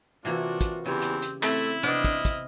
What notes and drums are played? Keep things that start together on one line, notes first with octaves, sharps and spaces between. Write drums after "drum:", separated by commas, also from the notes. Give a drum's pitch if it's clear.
C3 E3 A#3 D4 F4 F#4
drum: kick, hi-hat
E2 C#3 C4 G4
drum: hi-hat
drum: hi-hat
A3 C4 E4, drum: clap
C3 B3 D4 D#5 F6, drum: hi-hat
drum: kick, hi-hat
drum: kick, hi-hat